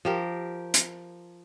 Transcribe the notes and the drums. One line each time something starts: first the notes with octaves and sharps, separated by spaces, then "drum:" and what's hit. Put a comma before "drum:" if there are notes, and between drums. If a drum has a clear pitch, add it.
F3 G4 A#4
drum: hi-hat